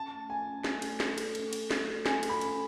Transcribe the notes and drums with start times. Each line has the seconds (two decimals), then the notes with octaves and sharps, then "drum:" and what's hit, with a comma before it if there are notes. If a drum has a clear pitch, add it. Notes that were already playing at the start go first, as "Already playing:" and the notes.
Already playing: C#4 A5
0.12 A3
0.29 A3 G#5
0.47 C#4
0.64 A4, drum: snare
0.82 A3, drum: cymbal
1.00 A4, drum: snare
1.18 A4, drum: cymbal
1.35 A3, drum: cymbal
1.53 A3, drum: cymbal
1.71 F#4, drum: snare
1.87 A4
2.06 C#4 G#5, drum: snare
2.23 A4, drum: cymbal
2.29 B5
2.41 C#4, drum: cymbal